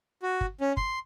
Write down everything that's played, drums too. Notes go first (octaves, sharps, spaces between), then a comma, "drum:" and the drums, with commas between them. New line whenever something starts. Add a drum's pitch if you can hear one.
F#4
drum: kick
C#4
C6, drum: kick